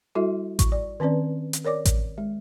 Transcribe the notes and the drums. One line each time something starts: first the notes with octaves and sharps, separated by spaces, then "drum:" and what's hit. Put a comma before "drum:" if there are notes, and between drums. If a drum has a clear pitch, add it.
G3 E4 F#4 A4 E5
C#6, drum: kick A1, hi-hat
D5
D#3 C4 C#4 B4 D5
drum: hi-hat
A#4 C#5 D5 D6
drum: kick A1, hi-hat
G#3